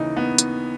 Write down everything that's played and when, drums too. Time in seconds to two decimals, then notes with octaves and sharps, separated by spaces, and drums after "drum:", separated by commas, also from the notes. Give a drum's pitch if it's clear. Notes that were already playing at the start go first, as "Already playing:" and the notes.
Already playing: D#2 C#3 E3 D#4
0.17 B3
0.38 drum: hi-hat